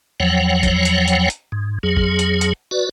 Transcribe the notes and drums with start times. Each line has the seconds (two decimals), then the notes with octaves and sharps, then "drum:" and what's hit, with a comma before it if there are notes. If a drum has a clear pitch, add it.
0.20 E2 F3 F#3 C#5 F#5 G5
0.63 drum: kick, hi-hat
0.85 drum: hi-hat
1.08 drum: hi-hat
1.30 drum: hi-hat
1.52 G#2
1.83 F2 F#3 G#4
1.97 drum: kick
2.19 drum: hi-hat
2.41 drum: hi-hat
2.71 F#4 B4 D5